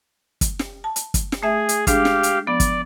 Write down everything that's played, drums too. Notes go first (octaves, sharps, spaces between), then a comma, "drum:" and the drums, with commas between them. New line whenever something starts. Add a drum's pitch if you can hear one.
drum: kick, hi-hat
drum: snare
A5
drum: hi-hat
drum: kick, hi-hat
drum: snare
A3 G#4 E5
drum: hi-hat
G#3 D4 G4 G#4 F5, drum: kick, hi-hat
drum: snare
drum: hi-hat
F3 B3 D5
drum: kick, hi-hat